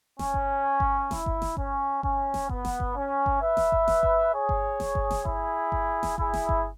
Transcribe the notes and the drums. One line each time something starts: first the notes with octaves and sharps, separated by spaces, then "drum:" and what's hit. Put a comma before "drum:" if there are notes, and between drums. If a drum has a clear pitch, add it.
C#4, drum: snare E1
drum: kick G1
drum: kick G1
E4, drum: snare E1
drum: kick G1
drum: snare E1
C#4, drum: kick G1
C#4, drum: kick G1
drum: snare E1
B3, drum: kick G1
drum: snare E1
drum: kick G1
C#4
drum: kick G1
B4 E5
drum: snare E1
drum: kick G1
drum: snare E1
drum: kick G1
G#4 C#5
drum: kick G1
drum: snare E1
drum: kick G1
drum: snare E1
E4 G#4, drum: kick G1
drum: kick G1
drum: snare E1
E4 G#4, drum: kick G1
drum: snare E1
drum: kick G1